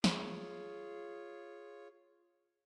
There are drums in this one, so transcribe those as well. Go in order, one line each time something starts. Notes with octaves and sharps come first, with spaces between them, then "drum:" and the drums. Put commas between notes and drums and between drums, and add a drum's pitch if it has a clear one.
F4 G#4 C#5, drum: snare